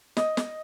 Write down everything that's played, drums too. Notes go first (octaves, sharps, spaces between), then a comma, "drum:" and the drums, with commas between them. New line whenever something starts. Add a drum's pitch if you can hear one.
D#5, drum: snare
drum: snare